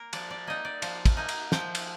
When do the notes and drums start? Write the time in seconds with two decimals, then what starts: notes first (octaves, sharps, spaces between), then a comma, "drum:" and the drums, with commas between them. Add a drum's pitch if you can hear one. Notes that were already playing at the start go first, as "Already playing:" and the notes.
Already playing: A#3 A#4
0.13 F3 D5, drum: cymbal
0.30 D5
0.47 A#3 D#4 D#5
0.65 D5
0.82 F3 F5, drum: cymbal
1.06 drum: kick, cymbal
1.17 A#3 D#4
1.29 drum: cymbal
1.52 F3 G5, drum: snare
1.75 drum: cymbal